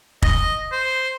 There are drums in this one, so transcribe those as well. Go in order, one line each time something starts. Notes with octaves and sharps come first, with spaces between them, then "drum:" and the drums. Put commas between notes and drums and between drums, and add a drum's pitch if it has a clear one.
D#5, drum: kick
C5